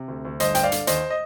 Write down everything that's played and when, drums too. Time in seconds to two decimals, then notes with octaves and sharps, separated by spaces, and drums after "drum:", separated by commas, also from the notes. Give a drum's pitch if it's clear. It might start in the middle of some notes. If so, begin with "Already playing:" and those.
Already playing: C3
0.08 D2
0.25 D2
0.40 G1 C5 D#5, drum: hi-hat
0.55 G2 G5, drum: hi-hat
0.64 D5 F5
0.72 D3, drum: hi-hat
0.87 D#2 C5 D#5, drum: hi-hat
1.10 D#5